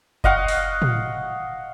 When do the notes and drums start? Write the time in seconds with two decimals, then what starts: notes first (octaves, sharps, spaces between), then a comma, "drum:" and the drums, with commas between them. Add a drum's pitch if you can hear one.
0.24 D#5 F5 F#5 C#6, drum: kick F#1
0.48 drum: open hi-hat
0.82 drum: tom